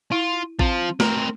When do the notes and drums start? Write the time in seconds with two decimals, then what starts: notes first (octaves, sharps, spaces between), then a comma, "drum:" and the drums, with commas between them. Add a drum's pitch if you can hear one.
0.12 E4 F4
0.59 F3 C4 F4, drum: kick A1
1.00 A3 C4 A#4, drum: snare